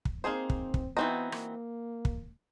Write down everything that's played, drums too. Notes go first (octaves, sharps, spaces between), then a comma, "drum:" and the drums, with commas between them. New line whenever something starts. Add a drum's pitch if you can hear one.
drum: kick
A#3 C4 D#4 G#4 C5
drum: kick
drum: kick
E3 G3 B3 C4 D#4 F#4
A#3, drum: rim click
drum: kick